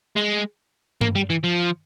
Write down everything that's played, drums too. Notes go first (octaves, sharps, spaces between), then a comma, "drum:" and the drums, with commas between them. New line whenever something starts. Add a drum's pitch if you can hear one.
G#3
A#3, drum: tom G2
G3
E3
F3